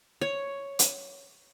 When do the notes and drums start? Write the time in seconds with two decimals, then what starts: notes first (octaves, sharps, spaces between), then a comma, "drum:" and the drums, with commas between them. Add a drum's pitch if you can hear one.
0.21 C#5
0.79 drum: hi-hat